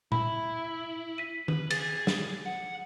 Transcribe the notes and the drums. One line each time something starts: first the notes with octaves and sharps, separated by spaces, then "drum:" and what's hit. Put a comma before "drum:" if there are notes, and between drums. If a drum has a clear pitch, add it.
E4 B5, drum: tom A#2
B6 D#7
B4, drum: tom
G#4 A6, drum: cymbal
drum: snare
F#5